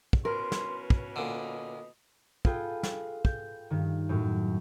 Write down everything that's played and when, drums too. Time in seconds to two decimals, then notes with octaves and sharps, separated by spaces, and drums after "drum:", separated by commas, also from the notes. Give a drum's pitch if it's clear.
0.13 drum: kick
0.25 B2 E3 C#4 A#4 C6
0.52 drum: snare
0.90 drum: kick
1.16 A#2 D3 D#5
2.45 F4 G#4 A4 B4 G5, drum: kick
2.83 drum: snare
3.25 G6, drum: kick
3.70 G2 D#3
4.09 F#2 A2